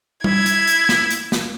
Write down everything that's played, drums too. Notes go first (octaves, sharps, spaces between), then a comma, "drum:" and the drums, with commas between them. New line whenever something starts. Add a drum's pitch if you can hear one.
E4 G#6, drum: tom G3
drum: hi-hat
drum: hi-hat
drum: snare
drum: hi-hat
drum: snare